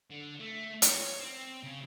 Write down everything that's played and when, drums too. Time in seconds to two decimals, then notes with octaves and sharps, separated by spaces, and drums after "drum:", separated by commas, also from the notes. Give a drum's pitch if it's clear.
0.11 D3
0.40 A3
0.82 C#5, drum: hi-hat
1.19 C4
1.63 C#3